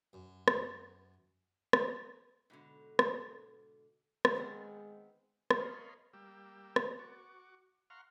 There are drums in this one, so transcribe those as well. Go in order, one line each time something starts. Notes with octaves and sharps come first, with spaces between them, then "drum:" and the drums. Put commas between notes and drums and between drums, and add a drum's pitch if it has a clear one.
F#2
drum: rim click
drum: rim click
G#2 B2 D3
drum: rim click
drum: rim click
D#3 G#3 B3 C4
drum: rim click
A#4 C#5 D#5 F5 B5 C6
G3 A#3 G4 E6
drum: rim click
F#4 C#6 D6
F5 F#5 A#5 C6 C#6 F6